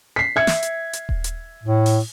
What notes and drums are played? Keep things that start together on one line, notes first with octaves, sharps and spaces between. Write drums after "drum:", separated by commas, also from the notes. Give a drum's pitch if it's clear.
B6 C7
E5 G#6 C#7
drum: snare
drum: hi-hat
drum: hi-hat
drum: kick D#1
drum: hi-hat
A2
drum: open hi-hat